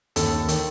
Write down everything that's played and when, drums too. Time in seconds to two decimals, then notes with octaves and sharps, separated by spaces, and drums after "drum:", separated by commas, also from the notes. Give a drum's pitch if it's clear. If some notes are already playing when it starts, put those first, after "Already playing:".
0.16 D#2 A4, drum: hi-hat
0.33 D#2
0.48 D#3, drum: hi-hat